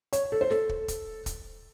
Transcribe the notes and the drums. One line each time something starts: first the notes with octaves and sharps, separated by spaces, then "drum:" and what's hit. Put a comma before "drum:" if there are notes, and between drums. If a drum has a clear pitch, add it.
C#5, drum: hi-hat
A4
C5
A4, drum: snare
drum: kick
drum: kick, hi-hat
drum: kick, hi-hat